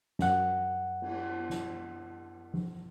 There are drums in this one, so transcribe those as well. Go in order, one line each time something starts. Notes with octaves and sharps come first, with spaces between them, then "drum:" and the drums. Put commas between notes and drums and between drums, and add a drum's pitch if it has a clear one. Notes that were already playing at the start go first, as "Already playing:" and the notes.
F#2 F#5, drum: snare
drum: cymbal
drum: snare
drum: tom F3